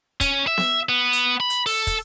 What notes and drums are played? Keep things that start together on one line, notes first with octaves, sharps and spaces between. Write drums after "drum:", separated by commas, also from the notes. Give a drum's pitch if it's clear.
C#4, drum: kick, hi-hat
E5
drum: snare B3
B3
drum: hi-hat
B5
drum: hi-hat
A4, drum: open hi-hat
drum: kick, hi-hat